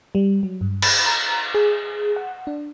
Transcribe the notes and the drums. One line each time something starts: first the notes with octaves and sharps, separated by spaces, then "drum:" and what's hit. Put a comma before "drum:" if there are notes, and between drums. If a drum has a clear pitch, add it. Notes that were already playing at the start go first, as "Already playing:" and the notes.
G3
F#3
G2
B5, drum: cymbal
A#5
G#4
F#5
D4